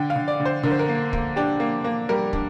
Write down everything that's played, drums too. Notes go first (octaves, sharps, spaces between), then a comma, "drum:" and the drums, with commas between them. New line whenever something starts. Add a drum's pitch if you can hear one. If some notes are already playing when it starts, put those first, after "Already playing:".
Already playing: D3 G5
F5
D3
D5
D3
C5
D3 A#4
C5
A#4
A#3
A#3, drum: kick
D4 G4
A#3
A#3
G3 A#4
D4, drum: kick